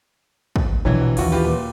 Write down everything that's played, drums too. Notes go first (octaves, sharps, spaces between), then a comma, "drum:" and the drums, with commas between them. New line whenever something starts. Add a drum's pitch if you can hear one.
drum: kick
A#1 B2 D3 E3 F#3
D#1 D#2 E3 F4 F#4, drum: cymbal
F4 G4 B4
A#2